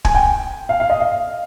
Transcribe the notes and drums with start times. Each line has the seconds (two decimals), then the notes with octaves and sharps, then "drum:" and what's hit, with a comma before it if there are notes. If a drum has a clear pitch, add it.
0.05 G#5, drum: kick
0.15 G5
0.69 F5
0.80 F5
0.90 D#5
1.00 F5